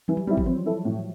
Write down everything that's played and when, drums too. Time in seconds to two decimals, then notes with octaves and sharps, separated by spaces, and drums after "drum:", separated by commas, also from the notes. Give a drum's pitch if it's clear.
0.08 E3 G3
0.17 F#3
0.27 F#3 G3 C4 E4 G4
0.37 F3, drum: kick G#1
0.46 E3 C4
0.66 E4 A4
0.85 A2